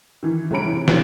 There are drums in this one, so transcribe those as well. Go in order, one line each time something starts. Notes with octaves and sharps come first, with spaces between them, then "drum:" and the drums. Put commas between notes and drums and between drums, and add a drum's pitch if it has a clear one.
D#3 E3
G1 G#3 C#4 A#5 B5 D7
C3 E3
F#3 G3 C4 D4 F4 B4, drum: snare